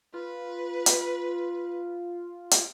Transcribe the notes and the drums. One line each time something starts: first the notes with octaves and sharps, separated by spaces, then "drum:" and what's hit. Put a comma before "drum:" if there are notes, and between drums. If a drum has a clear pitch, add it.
F4 B4
drum: hi-hat
drum: hi-hat